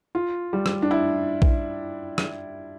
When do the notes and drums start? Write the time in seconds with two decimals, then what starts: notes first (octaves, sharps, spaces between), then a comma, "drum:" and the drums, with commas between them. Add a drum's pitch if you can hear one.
0.15 F4
0.53 G3
0.66 drum: rim click
0.82 D4
0.91 E4
1.42 drum: kick A#1
2.18 drum: rim click